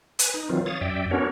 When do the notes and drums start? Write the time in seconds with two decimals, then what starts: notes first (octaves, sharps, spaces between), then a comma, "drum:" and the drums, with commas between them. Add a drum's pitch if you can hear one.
0.19 B4 G#5, drum: hi-hat
0.34 D#4
0.49 D#3 E3 F#3 C4 F4
0.66 C#5 F5 D#6 A6
0.81 F#2 D5 E5 G5
1.11 B3 C#4 D4 F#4 A#4 C#5